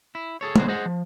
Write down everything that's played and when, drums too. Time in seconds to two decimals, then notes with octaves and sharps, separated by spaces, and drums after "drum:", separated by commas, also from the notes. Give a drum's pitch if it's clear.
0.15 E4
0.41 G#4 A4 C#5
0.56 D2 B2 F#3 G#3 F#4 C5, drum: tom
0.68 G#4 C5 D#5 F#5
0.86 F3